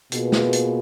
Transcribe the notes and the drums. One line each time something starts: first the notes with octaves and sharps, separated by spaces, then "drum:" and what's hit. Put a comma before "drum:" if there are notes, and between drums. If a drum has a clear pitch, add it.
B2 A#3 F4 G#4 B4, drum: hi-hat
drum: snare
drum: hi-hat